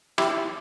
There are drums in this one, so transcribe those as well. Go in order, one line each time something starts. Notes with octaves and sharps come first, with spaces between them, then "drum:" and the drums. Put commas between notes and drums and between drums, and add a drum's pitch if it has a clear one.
E4 G4, drum: rim click